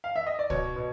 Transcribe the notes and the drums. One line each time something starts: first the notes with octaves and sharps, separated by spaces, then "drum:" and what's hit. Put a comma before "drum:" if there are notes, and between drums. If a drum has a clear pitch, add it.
F5
E5
D#5
D5
B2 C#5, drum: kick
B2